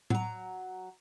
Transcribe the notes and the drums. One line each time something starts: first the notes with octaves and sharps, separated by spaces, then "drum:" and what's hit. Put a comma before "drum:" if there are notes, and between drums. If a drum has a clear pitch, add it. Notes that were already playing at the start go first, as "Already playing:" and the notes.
F#3 A#5, drum: tom A2